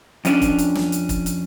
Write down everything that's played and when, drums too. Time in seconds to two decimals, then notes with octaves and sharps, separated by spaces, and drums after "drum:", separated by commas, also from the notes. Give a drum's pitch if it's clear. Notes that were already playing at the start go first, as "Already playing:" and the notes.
0.25 F2 C#4 D4, drum: hi-hat
0.42 drum: kick, hi-hat
0.58 drum: hi-hat
0.75 drum: snare
0.92 drum: hi-hat
1.09 drum: kick, hi-hat
1.26 drum: hi-hat